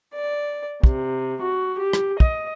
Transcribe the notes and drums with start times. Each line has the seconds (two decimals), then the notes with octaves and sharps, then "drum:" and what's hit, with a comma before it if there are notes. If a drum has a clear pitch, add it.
0.14 D5
0.84 C3, drum: kick
1.43 F#4
1.79 G4
1.93 drum: rim click
2.20 D#5, drum: kick